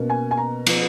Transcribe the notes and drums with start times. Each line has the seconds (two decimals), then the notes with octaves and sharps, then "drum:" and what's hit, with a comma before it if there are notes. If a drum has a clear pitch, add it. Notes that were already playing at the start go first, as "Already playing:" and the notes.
Already playing: B2 A#3 C#4
0.10 G#5
0.31 G#5
0.37 A#5
0.67 F3 B3, drum: cymbal